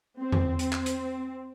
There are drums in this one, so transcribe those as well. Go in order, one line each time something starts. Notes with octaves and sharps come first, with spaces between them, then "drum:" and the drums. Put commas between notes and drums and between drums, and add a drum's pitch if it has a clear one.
C4
drum: tom E2
C4, drum: hi-hat
drum: clap
drum: hi-hat